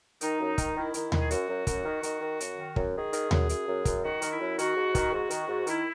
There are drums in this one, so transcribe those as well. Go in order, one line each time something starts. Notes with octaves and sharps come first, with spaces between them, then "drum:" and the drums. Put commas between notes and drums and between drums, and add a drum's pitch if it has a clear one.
D#3 D#4, drum: hi-hat
F#2
D#3, drum: kick, hi-hat
D#3 E4
D#3, drum: hi-hat
D#3, drum: tom D#2
G#4
F#2 F#4, drum: hi-hat
F#2
F#2, drum: kick, hi-hat
D#3
D#3, drum: hi-hat
D#3
F#2, drum: hi-hat
D#3
F#2, drum: kick
D#3 G#4
D#3, drum: hi-hat
F#2, drum: tom D#2
F#2, drum: hi-hat
F#2
F#2, drum: kick, hi-hat
D#3 F#4
D#3, drum: hi-hat
E4
F#2
D#3 F#4, drum: hi-hat
G#2
D#3, drum: kick, hi-hat
G#2 F#4
D#3, drum: hi-hat
G#2
D#3 E4, drum: hi-hat